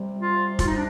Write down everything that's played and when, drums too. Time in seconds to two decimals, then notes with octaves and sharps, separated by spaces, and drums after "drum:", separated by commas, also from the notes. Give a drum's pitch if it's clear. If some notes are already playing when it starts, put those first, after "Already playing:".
Already playing: C3 G3
0.17 F4
0.59 F4, drum: kick, hi-hat
0.66 D#4
0.75 D4